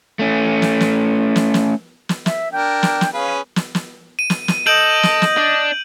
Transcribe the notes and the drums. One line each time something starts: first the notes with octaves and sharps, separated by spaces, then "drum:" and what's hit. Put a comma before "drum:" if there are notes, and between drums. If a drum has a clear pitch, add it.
A3 C#4
drum: snare
drum: snare
drum: snare
drum: snare
drum: snare
E5, drum: snare
D4 A#4 G5
drum: snare
drum: snare
C#4 G#4 B4 F5
drum: snare
drum: snare
D#7
drum: snare
drum: snare
A4 D#5 G6 D7 F#7
drum: snare
drum: snare
D4